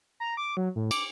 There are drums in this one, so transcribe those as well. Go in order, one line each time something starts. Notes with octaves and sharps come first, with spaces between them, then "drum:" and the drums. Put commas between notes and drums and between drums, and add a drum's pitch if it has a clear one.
A#5
D6
F#3
A2
D6, drum: cymbal